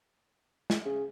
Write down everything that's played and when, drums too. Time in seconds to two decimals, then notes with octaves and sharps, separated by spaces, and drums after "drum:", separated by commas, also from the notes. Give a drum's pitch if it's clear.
0.70 drum: snare
0.85 C#3